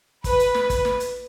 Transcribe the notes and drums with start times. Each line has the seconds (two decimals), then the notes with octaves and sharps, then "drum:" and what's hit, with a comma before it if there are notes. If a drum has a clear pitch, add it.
0.24 B4, drum: kick, hi-hat
0.39 drum: hi-hat
0.54 drum: snare
0.70 drum: kick, hi-hat
0.85 drum: snare
1.00 drum: hi-hat